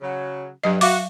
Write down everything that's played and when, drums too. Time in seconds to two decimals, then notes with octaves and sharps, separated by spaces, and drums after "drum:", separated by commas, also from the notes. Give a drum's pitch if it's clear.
0.02 C#3 F#3
0.64 G2 F#3 D#5
0.81 F#4 E5 F5 C#6 D6, drum: open hi-hat